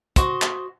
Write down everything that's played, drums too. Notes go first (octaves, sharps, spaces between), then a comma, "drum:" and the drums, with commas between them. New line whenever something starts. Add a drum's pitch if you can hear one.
F#4 C5 D#5, drum: kick, hi-hat
drum: clap